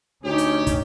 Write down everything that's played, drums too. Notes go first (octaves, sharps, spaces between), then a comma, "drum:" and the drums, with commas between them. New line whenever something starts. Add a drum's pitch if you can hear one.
D2 C#4 D#4 G4 C#5
drum: hi-hat
drum: kick, hi-hat